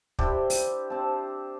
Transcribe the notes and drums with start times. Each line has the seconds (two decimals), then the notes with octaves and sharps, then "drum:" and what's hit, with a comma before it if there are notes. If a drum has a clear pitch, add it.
0.19 D4 E4 G4 C5, drum: kick
0.50 drum: open hi-hat
0.90 C4 A5